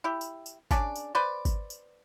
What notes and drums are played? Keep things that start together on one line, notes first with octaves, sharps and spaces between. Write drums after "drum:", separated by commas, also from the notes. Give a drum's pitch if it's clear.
E4 G4
drum: tambourine
drum: tambourine
C#4 D4 G#4 D5, drum: kick G#1, tambourine
drum: tambourine
B4 C5 D5
drum: kick G#1, tambourine
drum: tambourine